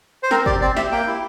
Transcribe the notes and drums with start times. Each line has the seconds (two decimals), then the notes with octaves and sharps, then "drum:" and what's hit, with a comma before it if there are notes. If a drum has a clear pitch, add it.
0.23 C5
0.31 C4 A#4, drum: snare
0.46 G4 D5, drum: kick
0.62 C4 D5
0.77 G4 E5, drum: snare
0.92 A#3 G5
1.07 E4 G4